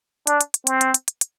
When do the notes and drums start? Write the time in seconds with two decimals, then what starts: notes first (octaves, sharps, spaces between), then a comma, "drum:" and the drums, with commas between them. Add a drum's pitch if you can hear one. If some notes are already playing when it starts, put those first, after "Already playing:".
0.27 D4, drum: hi-hat
0.41 drum: hi-hat
0.54 drum: hi-hat
0.67 C4, drum: hi-hat
0.81 drum: hi-hat
0.94 drum: hi-hat
1.08 drum: hi-hat
1.21 drum: hi-hat